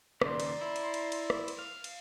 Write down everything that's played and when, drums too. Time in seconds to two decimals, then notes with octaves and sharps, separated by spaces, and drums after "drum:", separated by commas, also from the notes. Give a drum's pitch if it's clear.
0.22 D#2 C#3 D5 A#5 C6, drum: rim click
0.40 drum: cymbal
0.61 E4
0.76 drum: cymbal
0.94 drum: cymbal
1.12 drum: cymbal
1.30 drum: rim click
1.48 drum: cymbal
1.59 F5
1.84 drum: cymbal